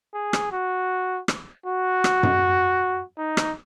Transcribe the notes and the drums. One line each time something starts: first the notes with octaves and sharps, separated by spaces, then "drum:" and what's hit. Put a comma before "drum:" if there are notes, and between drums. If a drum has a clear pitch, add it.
G#4
drum: rim click
F#4
drum: rim click
F#4
drum: rim click
drum: tom F#2
D#4
drum: rim click